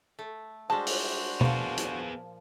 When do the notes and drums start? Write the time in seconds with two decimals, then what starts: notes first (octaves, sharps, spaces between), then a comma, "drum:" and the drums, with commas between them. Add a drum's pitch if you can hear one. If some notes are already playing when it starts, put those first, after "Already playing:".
0.19 A3
0.70 G3 G#3 D4 F#4 C5 A5
0.87 drum: open hi-hat
1.41 A#2 F3 B3 G#4, drum: tom
1.78 drum: hi-hat